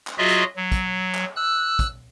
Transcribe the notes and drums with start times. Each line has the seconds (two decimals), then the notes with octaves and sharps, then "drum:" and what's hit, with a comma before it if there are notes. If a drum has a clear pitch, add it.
0.07 drum: clap
0.18 F#3 F4 F#4 G#4 D#5 E5
0.29 drum: hi-hat
0.56 F#3
0.72 drum: kick, hi-hat
1.15 drum: clap
1.36 E6 F#6
1.79 drum: kick, hi-hat